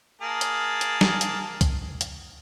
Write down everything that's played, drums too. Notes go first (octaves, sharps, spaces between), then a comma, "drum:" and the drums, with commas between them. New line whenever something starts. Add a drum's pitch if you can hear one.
A#3 G#4 A5
drum: hi-hat
drum: hi-hat
drum: snare
drum: hi-hat
drum: kick, hi-hat
drum: hi-hat